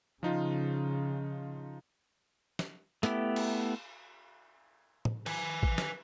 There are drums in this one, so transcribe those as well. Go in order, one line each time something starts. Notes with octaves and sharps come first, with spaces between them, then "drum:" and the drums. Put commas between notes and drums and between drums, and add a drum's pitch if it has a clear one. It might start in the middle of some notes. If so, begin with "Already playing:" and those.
C#3 F3 D#4 F4
drum: snare
A3 B3 E4 G4, drum: hi-hat
drum: cymbal
drum: tom
B4 G#5, drum: cymbal
drum: kick
drum: snare